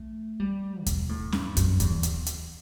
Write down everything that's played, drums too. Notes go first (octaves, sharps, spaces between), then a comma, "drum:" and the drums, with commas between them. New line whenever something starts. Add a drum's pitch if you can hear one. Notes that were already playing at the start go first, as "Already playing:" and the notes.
Already playing: A3
G3
B2, drum: kick D#2, hi-hat
A2
G2, drum: snare C#4
F#2, drum: hi-hat
E2, drum: kick D#2, hi-hat
drum: hi-hat
drum: hi-hat